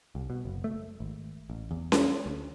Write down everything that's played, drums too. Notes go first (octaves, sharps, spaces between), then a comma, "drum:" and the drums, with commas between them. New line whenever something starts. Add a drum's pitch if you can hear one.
C2
B2
F#1
A3
G#1
A1
E2
drum: snare C#4
D2